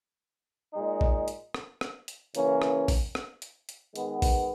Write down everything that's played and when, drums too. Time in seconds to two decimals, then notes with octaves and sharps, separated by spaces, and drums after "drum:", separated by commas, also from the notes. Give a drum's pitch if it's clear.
0.74 A#2 G#3 D#4
1.01 drum: kick
1.28 drum: hi-hat
1.54 drum: rim click
1.81 drum: rim click
2.08 drum: hi-hat
2.35 C#3 E3 A#3 C#4, drum: hi-hat
2.62 drum: rim click
2.88 drum: kick, open hi-hat
3.15 drum: rim click
3.42 drum: hi-hat
3.69 drum: hi-hat
3.96 D#3 G#3 B3, drum: hi-hat
4.22 drum: kick, open hi-hat